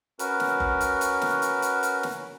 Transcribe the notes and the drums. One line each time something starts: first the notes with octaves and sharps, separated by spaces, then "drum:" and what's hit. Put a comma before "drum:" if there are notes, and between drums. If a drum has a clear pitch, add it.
C#4 F#4 A#4 B4, drum: hi-hat
drum: snare
drum: kick F#1
drum: hi-hat
drum: hi-hat
drum: snare
drum: hi-hat
drum: hi-hat
drum: hi-hat
drum: snare